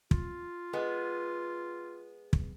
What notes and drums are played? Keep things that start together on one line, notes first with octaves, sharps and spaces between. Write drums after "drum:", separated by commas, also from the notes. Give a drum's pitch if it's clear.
F4, drum: kick
G#3 B3
drum: kick